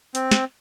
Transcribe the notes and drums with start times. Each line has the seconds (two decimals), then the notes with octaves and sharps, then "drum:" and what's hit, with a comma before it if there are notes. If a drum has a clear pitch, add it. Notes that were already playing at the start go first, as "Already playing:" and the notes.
0.15 C4, drum: hi-hat
0.31 drum: snare